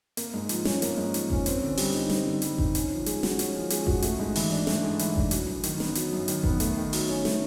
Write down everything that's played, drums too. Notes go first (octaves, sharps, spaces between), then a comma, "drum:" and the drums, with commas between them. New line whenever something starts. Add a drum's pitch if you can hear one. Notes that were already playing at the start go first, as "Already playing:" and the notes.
A#3, drum: hi-hat
G#2
F3, drum: hi-hat
C#4, drum: snare
A#3, drum: hi-hat
G#2
F3, drum: hi-hat
C#4, drum: kick G1
C4, drum: hi-hat
D3
G3, drum: open hi-hat
D#4
C4, drum: snare
D3
G3, drum: hi-hat
D#4, drum: kick G1
C#4, drum: hi-hat
F3
G#3, drum: hi-hat
F#4, drum: snare
C#4, drum: hi-hat
F3
G#3, drum: hi-hat
F#4, drum: kick G1
A3, drum: hi-hat
G#2
E3, drum: open hi-hat
D4
A3, drum: snare
G#2
E3, drum: hi-hat
D4, drum: kick G1
F#3, drum: hi-hat
F#2
D#3, drum: hi-hat
B3, drum: snare
F#3, drum: hi-hat
F#2
D#3, drum: hi-hat
B3, drum: kick G1
A3, drum: hi-hat
D#3
F#3, drum: open hi-hat
C#4
A3, drum: snare